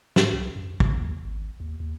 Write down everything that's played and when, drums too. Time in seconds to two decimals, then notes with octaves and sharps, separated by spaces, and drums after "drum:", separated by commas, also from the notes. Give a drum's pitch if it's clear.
0.16 G#2, drum: snare
0.33 C2
0.56 F#2
0.80 F#2, drum: kick
0.97 D#2
1.25 G#1
1.60 D#2
1.80 D#2